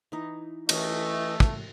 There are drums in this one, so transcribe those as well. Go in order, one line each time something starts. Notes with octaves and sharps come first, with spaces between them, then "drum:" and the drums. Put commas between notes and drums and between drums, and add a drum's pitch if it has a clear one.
E3 D#4
E3 A3 C#4 F#4 A4 D#5, drum: cymbal
drum: kick